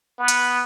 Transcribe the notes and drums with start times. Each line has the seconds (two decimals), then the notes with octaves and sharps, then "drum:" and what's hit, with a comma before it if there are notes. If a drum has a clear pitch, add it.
0.19 B3
0.28 drum: hi-hat